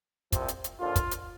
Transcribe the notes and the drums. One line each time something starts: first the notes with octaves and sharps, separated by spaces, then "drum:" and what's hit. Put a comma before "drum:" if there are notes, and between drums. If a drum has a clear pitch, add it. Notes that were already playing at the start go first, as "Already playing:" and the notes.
C2 C3 F3, drum: kick, hi-hat
drum: hi-hat
drum: hi-hat
D#2 D3 F3 F4
drum: kick, hi-hat
drum: hi-hat